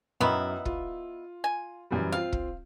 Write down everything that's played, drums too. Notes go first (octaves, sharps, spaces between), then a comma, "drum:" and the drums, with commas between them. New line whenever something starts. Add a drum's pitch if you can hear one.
F#2 D#3 B3 E4
F4, drum: kick
G#5
F#2 E3 G3
C4 F4 F5
drum: kick